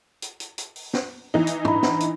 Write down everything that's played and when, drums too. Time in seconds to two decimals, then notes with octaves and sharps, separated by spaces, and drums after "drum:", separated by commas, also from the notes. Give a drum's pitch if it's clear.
0.22 drum: hi-hat
0.40 drum: hi-hat
0.58 drum: hi-hat
0.76 drum: open hi-hat
0.93 drum: snare
1.34 E3 D#4
1.47 drum: hi-hat
1.65 D4 A#5 B5, drum: tom
1.83 drum: snare
2.00 drum: hi-hat